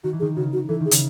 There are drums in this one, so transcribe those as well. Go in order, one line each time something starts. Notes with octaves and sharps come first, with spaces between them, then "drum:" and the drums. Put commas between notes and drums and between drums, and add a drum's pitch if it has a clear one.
D#3 F#4
E3
D#3 G#4
C#3 F#4
F#4
E3 A4
D#3
G#4
C#3, drum: hi-hat